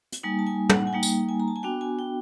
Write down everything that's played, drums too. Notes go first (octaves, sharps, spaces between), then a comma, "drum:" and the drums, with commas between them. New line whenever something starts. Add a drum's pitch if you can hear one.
drum: hi-hat
G3 A#3 D#4 G#5
A5
G#5
F#5, drum: tom
G#5
G3 A#3 D#4 G5
drum: tambourine
G#5
A#5
A5
G#5
B3 D4 F#4 G5
G#5
G5